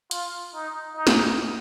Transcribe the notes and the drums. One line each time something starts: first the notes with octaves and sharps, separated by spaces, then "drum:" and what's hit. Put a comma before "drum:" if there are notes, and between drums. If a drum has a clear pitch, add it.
F4, drum: hi-hat
D#4
D#4
drum: snare